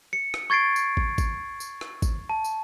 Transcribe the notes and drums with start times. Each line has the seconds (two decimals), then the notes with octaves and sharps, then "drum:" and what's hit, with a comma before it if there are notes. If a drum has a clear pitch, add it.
0.13 C#7
0.34 drum: rim click
0.50 C#6 G#6 A6 C7 D7
0.76 drum: tambourine
0.97 drum: kick
1.18 drum: kick, tambourine
1.60 drum: tambourine
1.81 drum: rim click
2.02 drum: kick, tambourine
2.30 A5
2.44 drum: tambourine